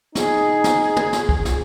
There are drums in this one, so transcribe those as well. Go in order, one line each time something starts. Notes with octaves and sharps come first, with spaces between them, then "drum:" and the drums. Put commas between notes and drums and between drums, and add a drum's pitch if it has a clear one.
D#4 G#4, drum: snare
drum: snare
drum: tom
drum: snare
drum: kick
drum: snare